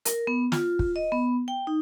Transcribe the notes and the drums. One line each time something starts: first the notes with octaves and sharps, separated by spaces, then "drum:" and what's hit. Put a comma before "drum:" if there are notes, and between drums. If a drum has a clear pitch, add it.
A#4, drum: hi-hat
B3
F4, drum: snare
drum: kick
D#5
B3
G5
D#4